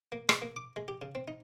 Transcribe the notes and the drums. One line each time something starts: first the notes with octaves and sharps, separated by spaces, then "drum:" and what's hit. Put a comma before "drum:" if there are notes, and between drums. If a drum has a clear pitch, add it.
A#3
G#3, drum: rim click
A#3
D6
G#3
G4
C#3
C4
D#4